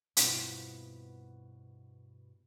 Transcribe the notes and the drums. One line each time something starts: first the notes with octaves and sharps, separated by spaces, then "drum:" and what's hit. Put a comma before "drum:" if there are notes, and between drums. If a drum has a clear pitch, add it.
G2 B2 B3 C4 E4 F4, drum: hi-hat